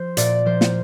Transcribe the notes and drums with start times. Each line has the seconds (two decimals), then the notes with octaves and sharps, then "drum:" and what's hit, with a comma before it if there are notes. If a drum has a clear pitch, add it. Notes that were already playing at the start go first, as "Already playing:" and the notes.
Already playing: F3 C5
0.17 A#2 D5, drum: hi-hat
0.45 F3 C5
0.61 drum: snare